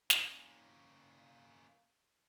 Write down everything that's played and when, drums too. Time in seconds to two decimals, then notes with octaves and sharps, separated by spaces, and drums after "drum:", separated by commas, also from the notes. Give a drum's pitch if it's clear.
0.10 A#3 C#4, drum: snare